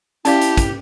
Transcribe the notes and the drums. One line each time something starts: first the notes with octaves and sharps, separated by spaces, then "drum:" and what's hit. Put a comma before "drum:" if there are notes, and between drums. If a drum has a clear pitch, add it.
C#4 E4 G4 D5 F5 A5, drum: hi-hat
drum: hi-hat
drum: kick, hi-hat